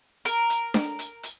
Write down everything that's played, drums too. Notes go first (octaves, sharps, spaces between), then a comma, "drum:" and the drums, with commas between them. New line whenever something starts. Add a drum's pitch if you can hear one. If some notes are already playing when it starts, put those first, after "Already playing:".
A#4, drum: hi-hat
drum: hi-hat
drum: snare D4
drum: hi-hat
drum: hi-hat